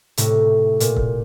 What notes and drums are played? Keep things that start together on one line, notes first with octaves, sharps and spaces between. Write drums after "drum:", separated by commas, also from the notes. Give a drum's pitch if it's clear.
A2 C3, drum: hi-hat
A#2, drum: hi-hat
drum: kick